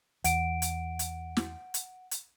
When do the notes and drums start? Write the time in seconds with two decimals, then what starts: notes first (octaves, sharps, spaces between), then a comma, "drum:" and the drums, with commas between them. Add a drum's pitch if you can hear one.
0.24 E2 F#5 D7, drum: hi-hat
0.62 drum: hi-hat
0.99 drum: hi-hat
1.37 drum: snare
1.74 drum: hi-hat
2.11 drum: hi-hat